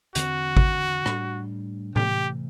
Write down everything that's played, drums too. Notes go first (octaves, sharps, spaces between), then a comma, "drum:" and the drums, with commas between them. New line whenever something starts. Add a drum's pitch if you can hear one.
E2 D3 A3 C4 F#4, drum: hi-hat
drum: kick
A2 G3 D4, drum: rim click
C3 E3 A3 G4, drum: tom A2